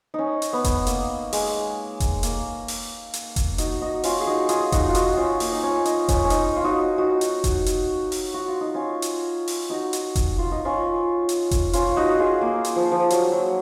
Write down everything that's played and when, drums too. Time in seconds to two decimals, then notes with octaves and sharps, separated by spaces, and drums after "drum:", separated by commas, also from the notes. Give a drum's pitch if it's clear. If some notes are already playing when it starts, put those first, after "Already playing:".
0.14 C#4 D#4
0.42 drum: hi-hat
0.53 B3
0.64 drum: kick F1, hi-hat
0.87 A#3, drum: hi-hat
1.33 G#3, drum: open hi-hat
2.00 drum: kick F1, hi-hat
2.23 A#3, drum: hi-hat
2.68 drum: open hi-hat
3.14 drum: hi-hat
3.36 drum: kick F1, hi-hat
3.58 D#4 F#4, drum: hi-hat
3.82 D#4 F#4
4.03 C#4 F4, drum: open hi-hat
4.20 G#4
4.27 D#4 F#4
4.49 F4 G#4, drum: hi-hat
4.72 D#4 F#4, drum: kick F1, hi-hat
4.88 F4
4.95 D#4 F#4, drum: hi-hat
5.17 C#4 F4
5.40 A#3, drum: open hi-hat
5.52 D#4
5.63 C#4
5.85 D#4, drum: hi-hat
6.08 C#4, drum: kick F1, hi-hat
6.25 C#4
6.30 D#4, drum: hi-hat
6.56 F4
6.64 D#4 F#4
6.98 D#4 F#4
7.21 drum: hi-hat
7.44 drum: kick F1, hi-hat
7.66 drum: hi-hat
8.12 drum: open hi-hat
8.34 F#4
8.48 F4
8.61 D#4
8.74 C#4 F4
9.02 drum: hi-hat
9.48 drum: open hi-hat
9.70 D#4 F#4
9.93 drum: hi-hat
10.15 drum: kick F1, hi-hat
10.38 F4
10.51 D#4
10.65 C#4 F4
11.29 drum: hi-hat
11.51 drum: kick F1, hi-hat
11.73 C#4 F4, drum: hi-hat
11.97 D#4 F#4
12.19 F4 G#4
12.41 A#3
12.65 drum: hi-hat
12.76 F3
12.92 F3
13.10 F#3, drum: hi-hat
13.32 F#3